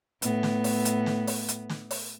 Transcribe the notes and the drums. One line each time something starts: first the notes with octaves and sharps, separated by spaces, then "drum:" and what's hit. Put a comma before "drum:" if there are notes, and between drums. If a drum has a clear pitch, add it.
A2 B3, drum: hi-hat
drum: snare
drum: open hi-hat
drum: hi-hat
drum: snare
drum: open hi-hat
drum: hi-hat
drum: snare
drum: open hi-hat